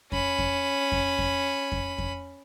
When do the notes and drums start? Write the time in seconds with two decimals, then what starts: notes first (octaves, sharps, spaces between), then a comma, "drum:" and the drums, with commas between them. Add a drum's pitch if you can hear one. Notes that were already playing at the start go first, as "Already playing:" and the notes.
0.12 C#4 B5, drum: kick F2
0.39 drum: kick F2
0.92 drum: kick F2
1.18 drum: kick F2
1.72 drum: kick F2
1.98 drum: kick F2